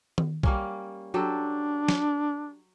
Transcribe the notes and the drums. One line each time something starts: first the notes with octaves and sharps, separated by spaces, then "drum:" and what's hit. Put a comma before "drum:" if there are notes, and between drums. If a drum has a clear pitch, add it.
drum: tom D#3
G3 A#3 C#4, drum: kick B1
F#3 D4 G4 A4
drum: snare